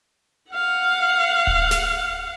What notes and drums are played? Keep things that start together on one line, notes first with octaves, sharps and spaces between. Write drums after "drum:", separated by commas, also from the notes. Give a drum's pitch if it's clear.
F5 F#5
drum: kick D1
drum: snare